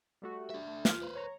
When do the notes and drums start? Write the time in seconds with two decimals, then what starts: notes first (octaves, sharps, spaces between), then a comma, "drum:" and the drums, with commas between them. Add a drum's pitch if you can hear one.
0.22 G3 A3 F#4
0.50 D4 E5
0.68 A3
0.85 F4 F6, drum: snare
1.02 B4 C5
1.15 C#5 A#5